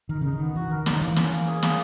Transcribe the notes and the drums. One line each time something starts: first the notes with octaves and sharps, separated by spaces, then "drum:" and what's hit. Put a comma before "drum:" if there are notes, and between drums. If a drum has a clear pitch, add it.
D#3 A#4
C#3 D#4
D#3
B3
E3 F#4
D#3 A#4
D#3 D#4, drum: snare
E3 A#3
C#4, drum: snare
A#3
G#4
A#3, drum: snare